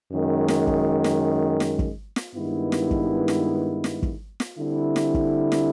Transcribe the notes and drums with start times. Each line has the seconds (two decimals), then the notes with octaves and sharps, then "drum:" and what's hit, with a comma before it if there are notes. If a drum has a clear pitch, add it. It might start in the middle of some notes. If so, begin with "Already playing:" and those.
0.11 F#2 D#3 G#3
0.48 drum: snare
0.67 drum: kick
1.04 drum: snare
1.60 drum: snare
1.79 drum: kick
2.16 drum: snare
2.35 G2 D#3 G#3 B3 E4
2.72 drum: snare
2.91 drum: kick
3.28 drum: snare
3.84 drum: snare
4.03 drum: kick
4.40 drum: snare
4.58 D3 G3 C4 E4
4.96 drum: snare
5.14 drum: kick
5.52 drum: snare